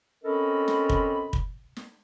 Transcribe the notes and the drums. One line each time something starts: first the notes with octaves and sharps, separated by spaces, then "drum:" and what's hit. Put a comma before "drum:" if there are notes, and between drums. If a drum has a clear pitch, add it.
C4 C#4 A4 A#4 D#5 B5
drum: snare
drum: kick
drum: kick
drum: snare